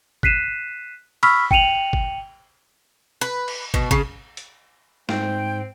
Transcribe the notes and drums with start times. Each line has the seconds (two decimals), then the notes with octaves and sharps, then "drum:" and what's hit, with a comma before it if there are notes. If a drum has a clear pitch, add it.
0.23 F#6 B6 C7 D#7 E7, drum: kick
1.23 B5 C#6 E6 F6 B6, drum: cymbal
1.51 G5 C#7 D#7 F7 F#7, drum: kick
1.93 drum: kick
3.21 B4
3.48 drum: cymbal
3.74 B2, drum: kick
3.91 C#3, drum: kick
4.37 drum: hi-hat
5.09 G#2 C4 G5, drum: snare